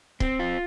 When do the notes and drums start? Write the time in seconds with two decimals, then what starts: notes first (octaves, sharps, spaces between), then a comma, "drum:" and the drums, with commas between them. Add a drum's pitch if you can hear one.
0.20 C4, drum: kick
0.40 F4